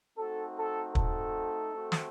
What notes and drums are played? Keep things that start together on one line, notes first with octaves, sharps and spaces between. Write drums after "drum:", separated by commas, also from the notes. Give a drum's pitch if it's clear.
A3 C4 D#4 F#4 A4
A4
A4, drum: kick
A3 C4 F#4
drum: snare